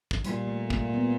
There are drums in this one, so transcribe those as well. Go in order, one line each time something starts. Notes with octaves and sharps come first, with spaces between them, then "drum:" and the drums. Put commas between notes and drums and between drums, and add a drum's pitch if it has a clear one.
drum: kick
A#2 G3, drum: hi-hat
A3
A#3, drum: kick
B3